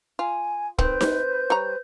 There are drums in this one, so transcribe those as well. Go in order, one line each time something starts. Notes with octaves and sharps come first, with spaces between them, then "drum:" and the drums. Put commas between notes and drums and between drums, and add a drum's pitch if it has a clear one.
F4 G#5
D#3 C4 B4 C5 G6, drum: kick
drum: snare D#4
G3 C#5 A#5